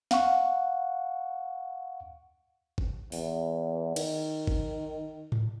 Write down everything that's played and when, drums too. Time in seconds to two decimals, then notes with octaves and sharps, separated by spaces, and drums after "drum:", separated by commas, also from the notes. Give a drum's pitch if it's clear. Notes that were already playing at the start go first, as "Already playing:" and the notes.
0.11 F5 F#5 C#6, drum: snare
2.78 drum: kick G1
3.12 E2, drum: open hi-hat
3.96 D#3, drum: cymbal
4.47 drum: kick G1
5.32 drum: tom G#2